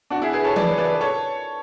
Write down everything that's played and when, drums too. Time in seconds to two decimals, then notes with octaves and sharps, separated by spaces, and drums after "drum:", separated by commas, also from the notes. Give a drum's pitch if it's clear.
0.10 D4 F#4
0.22 E4 G#4
0.33 G#4 B4
0.44 A4 C#5
0.56 B4 D5, drum: tom E3
0.78 B4 D5
1.01 A4 C#5